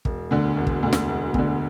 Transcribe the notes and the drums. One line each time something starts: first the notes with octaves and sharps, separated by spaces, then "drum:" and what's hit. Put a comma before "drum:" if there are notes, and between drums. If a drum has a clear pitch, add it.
E1, drum: kick
D2 D3
E1
drum: kick
D2 D3
drum: snare
E1
D2 D3, drum: kick